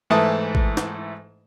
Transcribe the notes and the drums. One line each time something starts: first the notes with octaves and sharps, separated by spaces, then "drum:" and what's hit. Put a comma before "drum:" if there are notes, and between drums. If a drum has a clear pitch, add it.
G#2 E3 A3 E4 A5 D#6
drum: kick G#1
drum: snare